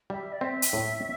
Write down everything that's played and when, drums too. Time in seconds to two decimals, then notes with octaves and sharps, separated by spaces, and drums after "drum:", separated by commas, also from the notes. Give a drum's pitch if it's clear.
0.10 G3 E5
0.32 D5
0.41 C4 E5
0.62 drum: hi-hat
0.73 A2